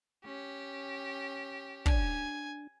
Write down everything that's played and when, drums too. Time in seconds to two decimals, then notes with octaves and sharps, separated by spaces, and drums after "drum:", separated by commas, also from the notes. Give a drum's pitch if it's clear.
0.24 C#4 G4
1.86 D4 G#5, drum: kick